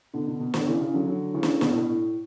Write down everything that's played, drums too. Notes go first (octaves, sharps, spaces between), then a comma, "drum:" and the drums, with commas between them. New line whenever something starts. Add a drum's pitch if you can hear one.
B2 D3
B2 D3
B2
B2 D3, drum: snare
C#3 E3
C#3 E3
D3 F#3
D3 F#3
C#3 E3
drum: snare
B2, drum: snare
A2
B2
A2